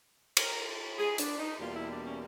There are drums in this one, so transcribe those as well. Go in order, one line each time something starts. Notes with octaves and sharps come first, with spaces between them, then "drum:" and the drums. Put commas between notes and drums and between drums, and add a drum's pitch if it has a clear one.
A#4, drum: cymbal
G#4
D4, drum: hi-hat
D#4
E2 B2 G3 A#3 F4
E4
D4
C#4